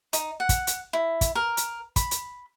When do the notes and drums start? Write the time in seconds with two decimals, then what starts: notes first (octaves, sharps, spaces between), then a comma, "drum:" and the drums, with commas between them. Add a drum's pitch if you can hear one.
0.13 D#4, drum: hi-hat
0.40 F#5
0.49 drum: kick, hi-hat
0.67 drum: hi-hat
0.93 E4
1.21 drum: kick, hi-hat
1.35 A#4
1.57 drum: hi-hat
1.96 B5, drum: kick, hi-hat
2.11 drum: hi-hat